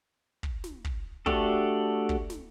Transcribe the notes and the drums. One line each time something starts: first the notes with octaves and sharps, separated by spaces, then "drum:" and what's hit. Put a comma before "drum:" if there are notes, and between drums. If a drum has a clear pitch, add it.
drum: kick
drum: snare
drum: kick
A3 D4 F#4 G4 A4, drum: kick
drum: kick
drum: snare